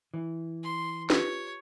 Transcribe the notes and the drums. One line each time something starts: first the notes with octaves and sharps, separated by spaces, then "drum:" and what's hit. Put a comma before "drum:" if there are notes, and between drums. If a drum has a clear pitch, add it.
E3
C6
F4 G4 B4 C#5, drum: snare